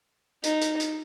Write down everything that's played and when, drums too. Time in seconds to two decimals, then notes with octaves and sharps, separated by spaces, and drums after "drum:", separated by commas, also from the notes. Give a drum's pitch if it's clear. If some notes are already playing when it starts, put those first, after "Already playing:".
0.44 D#4, drum: hi-hat
0.61 drum: hi-hat
0.80 drum: hi-hat